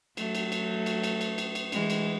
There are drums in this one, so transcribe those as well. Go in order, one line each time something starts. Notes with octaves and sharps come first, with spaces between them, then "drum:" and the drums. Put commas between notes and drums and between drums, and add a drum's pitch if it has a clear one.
F#3 A3, drum: cymbal
drum: cymbal
drum: cymbal
drum: cymbal
drum: cymbal
drum: cymbal
drum: cymbal
drum: cymbal
E3 G#3, drum: cymbal
drum: cymbal